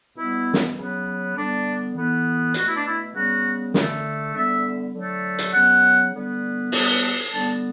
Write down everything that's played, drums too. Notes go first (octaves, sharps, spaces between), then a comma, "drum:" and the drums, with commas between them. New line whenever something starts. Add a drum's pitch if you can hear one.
B2 G3 B3 E4
drum: snare
C#3 F#3 B3
D3 G3 B3 D4
A2 E3 B3
B2 A3 F#4, drum: hi-hat
E4
D4
E4
C#3 G3 B3 F#4
D3 A3, drum: snare
D3 G3 B3 E5
D3 F#3 A3
drum: hi-hat
C#3 F#3 B3 F#5
D3 G3 B3
B2 G3 B3, drum: open hi-hat
D3 G3 B3 A5